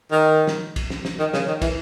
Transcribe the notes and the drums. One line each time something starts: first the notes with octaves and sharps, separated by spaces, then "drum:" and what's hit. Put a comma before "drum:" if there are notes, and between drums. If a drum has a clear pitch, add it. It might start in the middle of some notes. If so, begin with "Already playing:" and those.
D#3
drum: snare
drum: kick, cymbal
drum: snare
drum: snare
D#3
C#3, drum: snare
D#3
E3, drum: kick, cymbal